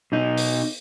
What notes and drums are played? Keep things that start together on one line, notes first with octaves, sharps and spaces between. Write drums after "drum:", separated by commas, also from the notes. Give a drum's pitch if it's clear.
B2 D#4
drum: open hi-hat